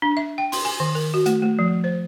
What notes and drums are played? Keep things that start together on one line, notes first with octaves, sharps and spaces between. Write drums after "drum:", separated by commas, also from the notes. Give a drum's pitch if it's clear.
D4
E5
G5
C6, drum: open hi-hat
G#5
D#3
A#4
F#4
A3, drum: hi-hat
A3
F3
C5